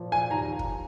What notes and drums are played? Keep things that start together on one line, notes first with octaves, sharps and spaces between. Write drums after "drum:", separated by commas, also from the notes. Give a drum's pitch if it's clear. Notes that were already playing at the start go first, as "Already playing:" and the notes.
Already playing: A#2 F3
G#5
D#2 A#5
drum: kick